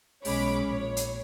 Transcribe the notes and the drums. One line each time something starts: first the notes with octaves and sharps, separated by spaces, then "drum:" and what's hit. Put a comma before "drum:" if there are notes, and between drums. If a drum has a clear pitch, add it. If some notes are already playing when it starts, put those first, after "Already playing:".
B1 G#3 C#4 C#5 B5 D6, drum: open hi-hat
A#1 C#5
drum: hi-hat